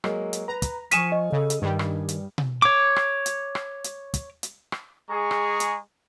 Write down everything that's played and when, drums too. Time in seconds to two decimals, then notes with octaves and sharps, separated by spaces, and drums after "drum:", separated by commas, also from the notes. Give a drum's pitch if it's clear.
0.04 F#3 G#3 A#3, drum: rim click
0.33 drum: hi-hat
0.48 B4 A#5
0.62 drum: kick, hi-hat
0.91 F3 G#5 C#6 D#6 F6 B6 D#7 E7, drum: hi-hat
1.12 D#5
1.32 C#3 A4
1.50 drum: hi-hat
1.62 G2 D#3 G3
1.79 drum: rim click
2.09 drum: hi-hat
2.38 drum: tom B2
2.62 C#5 D6
2.96 drum: rim click
3.26 drum: hi-hat
3.55 drum: rim click
3.84 drum: hi-hat
4.14 drum: kick, hi-hat
4.43 drum: hi-hat
4.72 drum: rim click
5.10 G#3 G#4 A#5 C#6
5.31 drum: rim click
5.60 drum: hi-hat